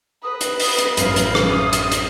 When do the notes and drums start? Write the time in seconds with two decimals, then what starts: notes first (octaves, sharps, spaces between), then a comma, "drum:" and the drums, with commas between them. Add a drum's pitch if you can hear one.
0.23 B4 D#6
0.41 drum: hi-hat
0.60 drum: open hi-hat
0.78 drum: hi-hat
0.97 A1 F#2 F5, drum: hi-hat
1.16 drum: hi-hat
1.35 drum: rim click
1.47 D#6
1.73 drum: hi-hat
1.92 drum: hi-hat